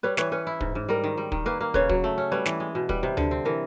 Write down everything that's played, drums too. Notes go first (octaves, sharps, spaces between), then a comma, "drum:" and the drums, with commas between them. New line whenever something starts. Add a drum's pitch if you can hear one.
G3 B4 C#5
E3 B4 C#5, drum: snare
C#4 B4
E4
G#2, drum: kick
G#2
G3 A#4
D#3
G3
D#3, drum: kick
A#3 B4
A#3
C#3 B4 C#5, drum: kick
F#3, drum: kick
A3
C#4
G3 B4 C#5
E3, drum: snare
G#3
B2
G3 B4, drum: kick
C3
D3, drum: tom D2
C4
E3 A#4